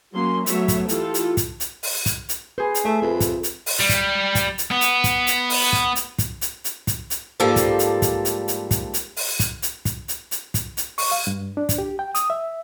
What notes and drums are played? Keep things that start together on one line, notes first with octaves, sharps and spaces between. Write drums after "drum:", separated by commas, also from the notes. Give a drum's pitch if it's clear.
F#3 A#3 C#4 C6
F#3 A3 B3 C#5 E5, drum: hi-hat
drum: kick, hi-hat
E3 F4 G4 A4, drum: hi-hat
drum: hi-hat
drum: kick, hi-hat
drum: hi-hat
drum: open hi-hat
drum: kick, hi-hat
drum: hi-hat
G#4 B4 C5
drum: hi-hat
A3 E5
F2 G4 B4
drum: kick, hi-hat
drum: hi-hat
drum: open hi-hat
G3
drum: kick, hi-hat
drum: kick, hi-hat
drum: hi-hat
B3
drum: hi-hat
drum: kick, hi-hat
drum: hi-hat
drum: open hi-hat
drum: kick
drum: hi-hat
drum: kick, hi-hat
drum: hi-hat
drum: hi-hat
drum: kick, hi-hat
drum: hi-hat
G#2 F3 G3 A#3 A4 D5
drum: kick, hi-hat
drum: hi-hat
drum: kick, hi-hat
drum: hi-hat
drum: hi-hat
drum: kick, hi-hat
drum: hi-hat
drum: open hi-hat
drum: kick, hi-hat
drum: hi-hat
drum: kick, hi-hat
drum: hi-hat
drum: hi-hat
drum: kick, hi-hat
drum: hi-hat
C#6, drum: open hi-hat
F5
G2
D4
drum: kick, hi-hat
G4
G5
D#6, drum: hi-hat
E5